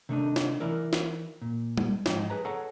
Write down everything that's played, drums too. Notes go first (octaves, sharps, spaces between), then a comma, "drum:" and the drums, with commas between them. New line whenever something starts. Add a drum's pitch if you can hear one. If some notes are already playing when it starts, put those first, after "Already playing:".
C3 D#3 A3 C4 D4 D#4
drum: snare
E3 E4 A#4 D5
drum: snare
A#2
drum: tom G3
G#2 F3 D#4 G5, drum: snare
G#4 B4 A#5
G#4 A4 C#5 F#5 A#5